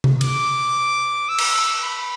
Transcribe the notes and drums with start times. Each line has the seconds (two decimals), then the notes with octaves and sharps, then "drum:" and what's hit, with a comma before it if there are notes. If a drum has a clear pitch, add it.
0.04 drum: tom C3
0.21 D6, drum: cymbal
1.29 E6
1.38 drum: cymbal
1.83 B5